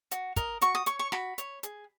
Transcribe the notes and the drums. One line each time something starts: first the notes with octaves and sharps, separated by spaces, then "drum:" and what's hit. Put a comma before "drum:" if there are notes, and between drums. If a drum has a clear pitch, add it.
F#4, drum: hi-hat
A#4 D#5, drum: kick, hi-hat
F#4 C#6, drum: hi-hat
D#6
C#5 C#6, drum: hi-hat
C#6
F#4 B5, drum: snare
C#5, drum: hi-hat
G#4, drum: hi-hat